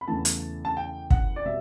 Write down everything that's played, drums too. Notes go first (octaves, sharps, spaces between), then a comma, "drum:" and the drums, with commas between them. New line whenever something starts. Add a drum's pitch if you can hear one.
B5
E2 C#3 E3 A3 A5
drum: hi-hat
A5
G5
F#5, drum: kick
D5
B2 G3 E5